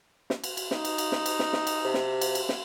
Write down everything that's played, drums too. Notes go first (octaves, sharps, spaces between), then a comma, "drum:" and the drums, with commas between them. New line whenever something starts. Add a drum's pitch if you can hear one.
drum: snare
drum: cymbal
drum: cymbal
D#4, drum: snare
drum: cymbal
drum: cymbal
drum: snare
drum: cymbal
drum: snare
drum: snare
drum: cymbal
C3
drum: snare
drum: cymbal
drum: cymbal
drum: snare